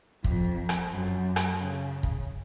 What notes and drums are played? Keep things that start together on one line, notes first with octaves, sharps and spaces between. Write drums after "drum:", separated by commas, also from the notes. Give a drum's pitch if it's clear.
F2, drum: kick
drum: rim click
F#2
drum: rim click
C#3
drum: kick